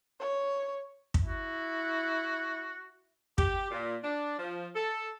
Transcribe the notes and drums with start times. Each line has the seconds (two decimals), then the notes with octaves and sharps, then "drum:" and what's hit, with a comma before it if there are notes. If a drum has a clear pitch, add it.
0.19 C#5
1.14 drum: kick
1.28 E4 F#4
3.38 G4, drum: kick
3.71 A#2
4.04 D4
4.39 F3
4.75 A4